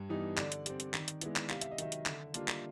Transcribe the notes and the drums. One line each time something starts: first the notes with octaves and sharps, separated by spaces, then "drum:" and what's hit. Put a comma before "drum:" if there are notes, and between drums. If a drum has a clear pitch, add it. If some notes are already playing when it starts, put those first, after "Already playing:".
Already playing: G2
E3 G3 B3 D#4
D3 D5, drum: clap
drum: hi-hat
G3 C4, drum: hi-hat
drum: hi-hat
D#3, drum: clap
drum: hi-hat
G#3 B3 E4, drum: hi-hat
drum: clap
C3 F5, drum: clap
E5, drum: hi-hat
D#5
D#3 F#3 E5, drum: hi-hat
drum: hi-hat
D3, drum: clap
G3 A#3 D4 F4, drum: hi-hat
drum: clap